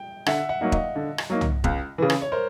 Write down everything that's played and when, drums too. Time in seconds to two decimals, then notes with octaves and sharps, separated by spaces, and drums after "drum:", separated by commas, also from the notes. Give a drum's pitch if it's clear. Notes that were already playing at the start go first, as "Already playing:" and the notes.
Already playing: G5
0.26 D3 E5 F#5, drum: rim click
0.49 E5 F#5
0.61 F#3 A#3 D#4 F#5
0.72 D#5 F5, drum: kick E1
0.96 D3
1.18 drum: rim click
1.30 F#3 A#3 D#4
1.41 drum: tom
1.64 C#2, drum: kick E1
1.98 C#3 E3
2.10 drum: rim click
2.22 C#5
2.32 A#4 C5